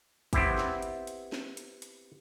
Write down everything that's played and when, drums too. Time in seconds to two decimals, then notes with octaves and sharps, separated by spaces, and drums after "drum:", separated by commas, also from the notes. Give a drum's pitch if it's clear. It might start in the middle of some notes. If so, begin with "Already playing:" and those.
0.33 B3 C4 E4 G4, drum: kick, hi-hat
0.58 drum: snare
0.82 drum: hi-hat
1.07 drum: hi-hat
1.32 drum: snare
1.57 drum: hi-hat
1.82 drum: hi-hat